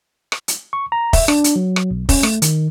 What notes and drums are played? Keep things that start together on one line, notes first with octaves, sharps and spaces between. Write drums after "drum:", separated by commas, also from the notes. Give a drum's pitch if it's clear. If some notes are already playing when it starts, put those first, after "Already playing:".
drum: rim click
drum: hi-hat
C#6
A#5
E5, drum: kick, open hi-hat
D4, drum: rim click
drum: hi-hat
F#3
drum: rim click
B1
C#4, drum: kick, open hi-hat
A3, drum: rim click
D#3, drum: hi-hat